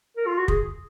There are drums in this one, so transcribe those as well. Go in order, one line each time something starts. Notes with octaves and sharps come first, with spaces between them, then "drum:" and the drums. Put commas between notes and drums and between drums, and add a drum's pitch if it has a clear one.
A#4
F4
F#4
G#4, drum: kick